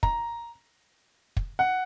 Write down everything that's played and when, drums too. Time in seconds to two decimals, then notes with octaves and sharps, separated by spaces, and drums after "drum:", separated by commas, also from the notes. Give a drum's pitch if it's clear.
0.03 A#5, drum: kick
1.37 drum: kick
1.59 F#5